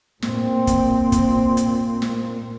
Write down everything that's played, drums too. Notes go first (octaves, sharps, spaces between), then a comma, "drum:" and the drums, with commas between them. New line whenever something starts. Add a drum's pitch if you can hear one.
A#2 C4, drum: snare
drum: kick, hi-hat
drum: kick, hi-hat
drum: hi-hat
drum: snare